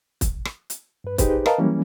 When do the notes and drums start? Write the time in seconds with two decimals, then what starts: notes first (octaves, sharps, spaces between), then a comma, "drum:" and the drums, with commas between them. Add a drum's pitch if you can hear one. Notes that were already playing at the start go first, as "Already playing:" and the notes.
0.21 drum: kick, hi-hat
0.45 drum: rim click
0.70 drum: hi-hat
1.04 G2 B4
1.18 D#4 G4 G#4 B4 C5, drum: kick, hi-hat
1.46 A#4 B4 D#5 F5 A5 A#5, drum: rim click
1.58 E3 F#3 G3 A#3 C#4